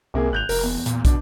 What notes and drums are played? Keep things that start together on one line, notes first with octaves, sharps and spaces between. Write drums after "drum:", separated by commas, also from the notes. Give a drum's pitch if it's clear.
C2 C3 A#3 G#4
G#1 F#6 G6 F7
F1 A#4, drum: open hi-hat
E2
A#2, drum: hi-hat
B2 D4, drum: kick, hi-hat